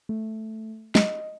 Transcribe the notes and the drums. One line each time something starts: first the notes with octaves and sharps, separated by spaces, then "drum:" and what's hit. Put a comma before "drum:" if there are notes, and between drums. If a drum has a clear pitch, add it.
A3
D#5, drum: snare